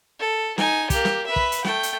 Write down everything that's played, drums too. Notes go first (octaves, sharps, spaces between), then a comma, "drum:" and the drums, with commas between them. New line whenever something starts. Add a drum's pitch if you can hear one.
A4
D#4 G#5, drum: snare
A#3 G4, drum: kick, hi-hat
drum: snare
B4 E5
drum: kick
drum: hi-hat
A3 G5, drum: snare
drum: hi-hat